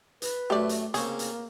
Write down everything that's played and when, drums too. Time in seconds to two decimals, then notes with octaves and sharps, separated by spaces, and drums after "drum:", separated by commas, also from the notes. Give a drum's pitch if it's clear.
0.22 B4, drum: hi-hat
0.50 F#2 A3 G4 D5
0.69 drum: hi-hat
0.94 C#3 A#3 C4 C#4 G#4, drum: hi-hat
1.19 drum: hi-hat